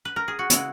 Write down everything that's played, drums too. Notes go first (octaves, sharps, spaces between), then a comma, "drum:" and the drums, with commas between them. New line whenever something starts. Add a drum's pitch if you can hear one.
B4
A#4
G#4
F#4
C#3 G#3 B3 E4, drum: hi-hat